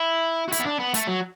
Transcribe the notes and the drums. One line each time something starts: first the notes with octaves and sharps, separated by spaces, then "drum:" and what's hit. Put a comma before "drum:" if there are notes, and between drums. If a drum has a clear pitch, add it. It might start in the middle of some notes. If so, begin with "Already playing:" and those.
Already playing: E4
F#4
E4, drum: hi-hat
B3
D4
B3
A3, drum: hi-hat
F#3